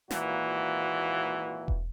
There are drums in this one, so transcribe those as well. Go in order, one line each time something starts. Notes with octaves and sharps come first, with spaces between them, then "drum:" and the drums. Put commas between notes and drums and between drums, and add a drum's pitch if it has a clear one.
G#1 A#2 E3 A#3 F#4, drum: snare
drum: kick E1